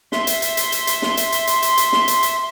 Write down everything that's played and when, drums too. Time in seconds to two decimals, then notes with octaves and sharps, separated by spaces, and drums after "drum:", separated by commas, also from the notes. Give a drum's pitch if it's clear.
0.12 E5 C6, drum: snare
0.27 drum: hi-hat
0.42 drum: hi-hat
0.57 drum: hi-hat
0.72 drum: hi-hat
0.87 drum: hi-hat
1.02 drum: snare
1.17 drum: hi-hat
1.32 drum: hi-hat
1.47 drum: hi-hat
1.62 drum: hi-hat
1.78 drum: hi-hat
1.93 drum: snare
2.08 drum: hi-hat
2.23 drum: hi-hat